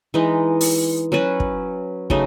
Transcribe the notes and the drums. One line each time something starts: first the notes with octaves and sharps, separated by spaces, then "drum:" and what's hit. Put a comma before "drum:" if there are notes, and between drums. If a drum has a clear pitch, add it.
E3 G#3 D#4
drum: open hi-hat
F#3 C#4 F#4 B4
drum: kick
C#3 F#3 A3 D#4, drum: kick